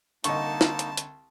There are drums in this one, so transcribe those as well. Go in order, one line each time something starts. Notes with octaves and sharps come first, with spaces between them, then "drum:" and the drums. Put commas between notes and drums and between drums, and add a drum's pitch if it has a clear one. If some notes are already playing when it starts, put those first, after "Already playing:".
C2 D3 A#3 D#4 D#5 A5 C#6, drum: hi-hat
drum: snare
drum: hi-hat
drum: hi-hat